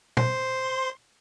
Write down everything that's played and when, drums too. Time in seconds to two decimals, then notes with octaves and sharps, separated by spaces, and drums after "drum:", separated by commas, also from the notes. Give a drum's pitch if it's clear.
0.17 C5 C6, drum: tom A#2